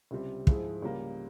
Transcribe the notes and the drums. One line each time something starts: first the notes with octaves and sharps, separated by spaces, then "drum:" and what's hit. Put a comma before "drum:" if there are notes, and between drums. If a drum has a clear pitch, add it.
C#2 C3 G3 C4
G#2 F3 G#3 E4 G#4, drum: kick
C#2 C#3 G3 A#3